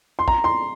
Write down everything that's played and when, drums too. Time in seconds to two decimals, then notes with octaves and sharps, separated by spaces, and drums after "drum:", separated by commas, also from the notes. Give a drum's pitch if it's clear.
0.19 C6
0.28 A#5, drum: kick
0.44 C6